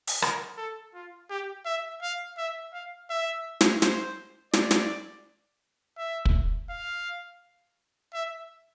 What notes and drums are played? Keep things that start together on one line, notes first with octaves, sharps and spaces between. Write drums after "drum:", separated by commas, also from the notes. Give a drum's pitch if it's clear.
drum: open hi-hat
A#4, drum: rim click
A4
F4
G4
E5
F5
E5
F5
E5
drum: snare
C5, drum: snare
D5, drum: snare
drum: snare
E5
drum: kick
F5
E5